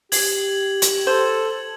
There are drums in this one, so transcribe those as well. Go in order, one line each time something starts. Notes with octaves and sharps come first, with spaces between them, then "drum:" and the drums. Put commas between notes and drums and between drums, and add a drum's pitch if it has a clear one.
G4 G#6 F#7, drum: open hi-hat
drum: hi-hat
A4 C5